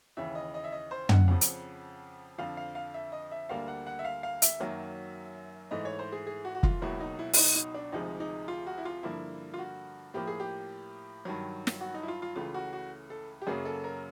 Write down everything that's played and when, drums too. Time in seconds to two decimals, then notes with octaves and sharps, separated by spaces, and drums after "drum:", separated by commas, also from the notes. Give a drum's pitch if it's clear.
0.17 D#2 C#3 E3 E5
0.35 D#5
0.54 D#5
0.64 E5
0.72 D#5
0.91 C5
1.09 F#5, drum: tom
1.28 F2 C#3 F3
1.41 drum: hi-hat
2.38 F2 D3 F3 F5
2.57 F5
2.75 F5
2.94 E5
3.12 D#5
3.31 E5
3.49 D2 D3 G3 A#3 F5
3.68 F#5
3.87 F#5
3.99 E5
4.05 F5
4.23 F5
4.42 E5, drum: hi-hat
4.60 F#2 D#3 F#3 A#3
5.71 G#2 E3 A3 D#5
5.85 C#5
5.99 C5
6.12 G#4
6.27 G#4
6.45 F#4
6.55 F#4
6.63 F4, drum: kick
6.82 C#2 B2 F#3 A#3 E4
7.00 D#4
7.19 E4
7.33 E4, drum: open hi-hat
7.37 D#4
7.56 D#4
7.74 D4
7.92 D2 C3 F3 G#3 D#4
8.20 D#4
8.48 F4
8.67 F#4
8.78 E4
8.85 F4
9.03 G2 D3 F3 A#3 E4
9.54 F4
9.59 F#4
10.14 A2 F3 A#3 G4
10.27 G#4
10.40 G4
11.25 G2 D#3 F#3
11.67 drum: snare
11.80 F#4
11.94 D#4
12.03 E4
12.08 F4
12.22 F4
12.36 C#2 C#3 E3 A3 F4
12.54 F#4
12.73 F#4
13.10 A4
13.42 G4
13.47 F#2 C#3 F#3 A#3 G#4
13.65 A4
13.84 A#4